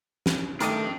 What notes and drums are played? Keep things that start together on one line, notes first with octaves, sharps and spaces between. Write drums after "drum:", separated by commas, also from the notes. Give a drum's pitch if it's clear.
drum: snare
D#3 A3 D4 G4 A#4 D5 D#5, drum: hi-hat